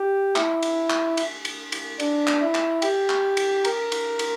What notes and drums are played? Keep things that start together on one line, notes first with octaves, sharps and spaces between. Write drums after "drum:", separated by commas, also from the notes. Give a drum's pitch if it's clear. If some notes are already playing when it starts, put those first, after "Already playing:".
Already playing: G4
E4, drum: clap
drum: cymbal
drum: clap
drum: cymbal
drum: cymbal
drum: cymbal
D4, drum: cymbal
drum: clap
E4
drum: clap
G4, drum: cymbal
drum: clap
drum: cymbal
A#4, drum: cymbal
drum: cymbal
drum: cymbal